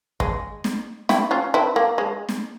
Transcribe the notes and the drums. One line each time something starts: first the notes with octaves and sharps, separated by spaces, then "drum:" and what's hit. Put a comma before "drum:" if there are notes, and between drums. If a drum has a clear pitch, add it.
G#3, drum: kick
drum: snare
E4 G4, drum: snare
C#4 F4
C4 E4
A#3
G#3
drum: snare